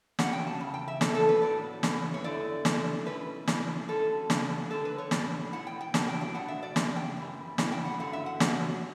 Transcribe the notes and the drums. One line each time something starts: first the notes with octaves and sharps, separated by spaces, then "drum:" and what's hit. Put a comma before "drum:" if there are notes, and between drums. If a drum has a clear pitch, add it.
C#3 F#3 C#4 F#5, drum: snare
G5
A5
E2 C#3
G5
E5
B2 F#3 A3 A4, drum: snare
A4
B4
A2 F#3 B3 D5
G2 E3 B3, drum: snare
C#5
E2 D3 A3 E4 D5
D3 A3 D4, drum: snare
B2 G3 C#4 E4 B4
A2 E3 G3 D4, drum: snare
D3 F#3 C#4 E4 A4
C#3 E3 B3 D4, drum: snare
D3 G3 D4 A4
B4
C#5
A2 E3 G3 D5, drum: snare
B2 G3 B3 E4 F#5
G5
G5
A2 F#3 B3 D4 A5, drum: snare
G5
G5
B2 F#3 B3 D4 F#5
E5
D5
F#2 C#3, drum: snare
G5
F#2 E3 G3
A2 G3 C#4 E4 G5, drum: snare
G5
F#5
G2 D3 F#3 F#5
E5
F#5
E2 B2 F#3, drum: snare